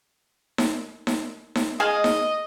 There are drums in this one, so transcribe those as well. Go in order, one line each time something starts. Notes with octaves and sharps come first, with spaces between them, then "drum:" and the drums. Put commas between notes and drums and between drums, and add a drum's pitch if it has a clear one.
drum: snare D#4
drum: snare D#4
drum: snare D#4
G#3 G#4 D#5 F5
drum: snare D#4